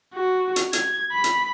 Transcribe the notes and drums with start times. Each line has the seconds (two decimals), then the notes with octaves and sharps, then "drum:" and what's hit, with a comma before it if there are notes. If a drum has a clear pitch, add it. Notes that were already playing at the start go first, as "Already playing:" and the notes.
0.14 F#4
0.56 drum: hi-hat
0.73 G#6, drum: hi-hat
1.12 B5
1.24 drum: hi-hat